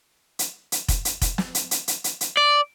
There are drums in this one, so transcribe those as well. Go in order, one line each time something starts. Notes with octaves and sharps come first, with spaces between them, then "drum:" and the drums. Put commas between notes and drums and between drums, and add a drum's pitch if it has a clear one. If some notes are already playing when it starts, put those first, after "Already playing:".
drum: hi-hat
drum: hi-hat
drum: kick F1, hi-hat
drum: hi-hat
drum: kick F1, hi-hat
drum: snare
drum: hi-hat
drum: hi-hat
drum: hi-hat
drum: hi-hat
drum: hi-hat
D5